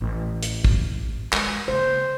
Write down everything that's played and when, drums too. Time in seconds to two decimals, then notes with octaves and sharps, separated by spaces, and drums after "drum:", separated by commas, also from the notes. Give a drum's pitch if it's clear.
0.01 A1
0.43 drum: hi-hat
0.64 drum: kick
1.33 G#3, drum: clap
1.68 C#3 A#3 C5